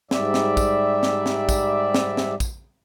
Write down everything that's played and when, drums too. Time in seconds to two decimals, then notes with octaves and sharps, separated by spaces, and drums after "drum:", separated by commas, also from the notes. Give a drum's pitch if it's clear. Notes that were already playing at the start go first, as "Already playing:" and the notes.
0.11 G#2 G3 D5 E5, drum: snare
0.34 drum: snare
0.57 drum: kick, tambourine
1.03 drum: snare
1.26 drum: snare
1.49 drum: kick, tambourine
1.94 drum: snare
2.17 drum: snare
2.40 drum: kick, tambourine